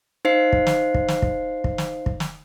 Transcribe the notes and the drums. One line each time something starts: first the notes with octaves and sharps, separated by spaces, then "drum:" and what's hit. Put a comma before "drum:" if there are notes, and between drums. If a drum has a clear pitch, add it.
D#4 C5 F5 C7
drum: kick
drum: snare
drum: kick
drum: snare
drum: kick
drum: kick
drum: snare
drum: kick
drum: snare